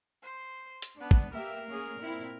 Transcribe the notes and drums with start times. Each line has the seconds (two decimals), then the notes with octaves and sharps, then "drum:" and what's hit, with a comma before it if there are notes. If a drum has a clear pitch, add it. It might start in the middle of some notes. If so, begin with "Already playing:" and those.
0.23 C5
0.82 drum: hi-hat
1.00 B3 D4
1.11 drum: kick
1.33 A#3 G4 A#4 E5
1.68 A#3 C#4 G#4
2.01 A#2 C4 E4